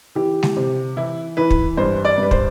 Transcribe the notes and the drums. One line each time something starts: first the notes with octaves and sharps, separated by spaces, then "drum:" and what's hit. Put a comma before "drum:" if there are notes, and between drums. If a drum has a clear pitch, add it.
E3 G4
drum: snare G#3
C3
E3 E4
E3 B4
drum: kick
G2 C5
D5
G2 B4
C5, drum: kick